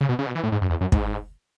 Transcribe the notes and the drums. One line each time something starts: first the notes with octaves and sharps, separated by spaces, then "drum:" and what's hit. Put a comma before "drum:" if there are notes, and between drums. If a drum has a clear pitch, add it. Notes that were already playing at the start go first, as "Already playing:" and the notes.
C#3
B2
C#3
B2
E3
A2
G#2
F#2
E2
F#2
G#2, drum: kick